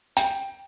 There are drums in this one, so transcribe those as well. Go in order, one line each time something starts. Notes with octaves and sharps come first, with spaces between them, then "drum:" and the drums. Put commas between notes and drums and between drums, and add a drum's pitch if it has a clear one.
G5, drum: hi-hat